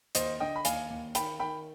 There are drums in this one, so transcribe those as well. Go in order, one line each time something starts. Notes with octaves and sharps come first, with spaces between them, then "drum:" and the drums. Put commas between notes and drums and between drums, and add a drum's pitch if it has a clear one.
D#2 C5 D#5, drum: hi-hat
D3 D#5 G5
B5
D#2 F5 G#5, drum: hi-hat
D#2
D#3 G5 B5, drum: hi-hat
D#3 G5 B5